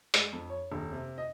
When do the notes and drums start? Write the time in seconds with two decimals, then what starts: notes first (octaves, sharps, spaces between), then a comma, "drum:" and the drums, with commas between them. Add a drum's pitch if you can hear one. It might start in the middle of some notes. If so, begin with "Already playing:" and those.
0.14 G#3, drum: hi-hat
0.33 F2
0.50 C#5
0.72 D#1
0.92 C3
1.18 D#5